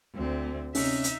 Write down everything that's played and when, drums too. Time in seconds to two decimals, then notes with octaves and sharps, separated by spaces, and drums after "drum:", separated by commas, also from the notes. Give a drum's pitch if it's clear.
0.15 D2 C4
0.75 C3 C#4 D#4 E5, drum: open hi-hat
1.04 drum: hi-hat